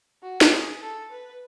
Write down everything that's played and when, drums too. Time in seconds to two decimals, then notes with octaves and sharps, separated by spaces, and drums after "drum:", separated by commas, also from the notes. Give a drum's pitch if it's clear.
0.22 F#4
0.41 drum: snare
0.51 G#4
0.81 A4
1.11 B4